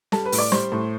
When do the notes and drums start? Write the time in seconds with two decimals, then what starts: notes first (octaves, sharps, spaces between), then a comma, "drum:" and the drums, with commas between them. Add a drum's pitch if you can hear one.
0.12 G3 A4 A5, drum: snare
0.25 B4 B5
0.32 A2, drum: open hi-hat
0.38 D5 D6
0.52 G3 C5 C6, drum: snare
0.72 A2